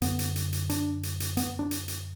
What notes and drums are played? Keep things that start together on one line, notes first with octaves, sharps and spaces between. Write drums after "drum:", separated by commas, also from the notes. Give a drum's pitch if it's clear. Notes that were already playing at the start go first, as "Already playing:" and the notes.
F#2 D3 B3, drum: hi-hat
drum: hi-hat
drum: hi-hat
drum: hi-hat
D4, drum: hi-hat
drum: hi-hat
drum: hi-hat
B3, drum: hi-hat
D4
drum: hi-hat
drum: hi-hat